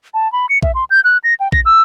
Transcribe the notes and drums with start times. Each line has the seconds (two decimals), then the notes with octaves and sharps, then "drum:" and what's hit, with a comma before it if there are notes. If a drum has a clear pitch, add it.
0.14 A5
0.33 B5
0.49 C#7
0.63 E5, drum: kick A#1
0.75 C6
0.90 G6
1.04 F#6
1.24 A#6
1.40 G5
1.52 A#6, drum: kick A#1
1.66 E6